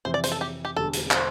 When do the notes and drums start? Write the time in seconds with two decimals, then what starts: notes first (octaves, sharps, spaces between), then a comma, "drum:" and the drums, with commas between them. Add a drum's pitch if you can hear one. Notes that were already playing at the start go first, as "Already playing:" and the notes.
0.05 F2 C3 E3 C5
0.14 D5
0.24 C5, drum: hi-hat
0.32 A4
0.41 G4
0.65 G4
0.76 E1 E2 D3 G3 A4
0.93 drum: hi-hat
1.11 C5, drum: clap